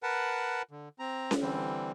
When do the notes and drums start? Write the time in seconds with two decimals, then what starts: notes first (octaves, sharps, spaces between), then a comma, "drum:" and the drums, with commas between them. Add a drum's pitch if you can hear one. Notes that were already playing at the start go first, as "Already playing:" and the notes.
0.03 A#4 B4 F#5 A5
0.71 D3
0.99 C4 A#5
1.31 drum: snare C#4
1.42 D3 E3 G3 C4